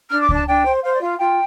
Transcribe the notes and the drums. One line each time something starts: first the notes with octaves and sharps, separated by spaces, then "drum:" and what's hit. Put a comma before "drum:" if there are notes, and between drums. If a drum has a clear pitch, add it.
D4 F6
D6
D4, drum: kick C#2
A5
D4 G5
C5
C5 F5
D5
F4 F5
F4 G5